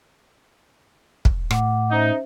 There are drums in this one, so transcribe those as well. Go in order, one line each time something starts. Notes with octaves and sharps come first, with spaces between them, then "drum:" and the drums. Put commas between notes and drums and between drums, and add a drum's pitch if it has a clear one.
drum: kick
A2 F#5 D6, drum: rim click
C#4 D#4 C5 E5